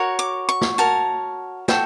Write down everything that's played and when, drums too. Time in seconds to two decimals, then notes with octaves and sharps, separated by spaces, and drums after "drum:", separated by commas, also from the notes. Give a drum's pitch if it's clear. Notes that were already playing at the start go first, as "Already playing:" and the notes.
Already playing: F#4 A#4 C#5
0.19 D6
0.49 C#6
0.61 drum: snare
0.78 F#4 A#4 C#5 A5
1.68 F#4 A4 G5, drum: snare